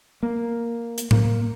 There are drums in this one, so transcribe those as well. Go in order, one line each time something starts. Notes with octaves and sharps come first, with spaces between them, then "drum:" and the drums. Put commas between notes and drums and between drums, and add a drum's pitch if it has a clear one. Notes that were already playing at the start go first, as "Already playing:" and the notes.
A#3
drum: hi-hat
A#3, drum: tom A2